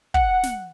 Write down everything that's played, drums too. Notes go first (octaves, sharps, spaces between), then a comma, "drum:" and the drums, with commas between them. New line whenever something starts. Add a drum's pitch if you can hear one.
F#5, drum: kick
drum: snare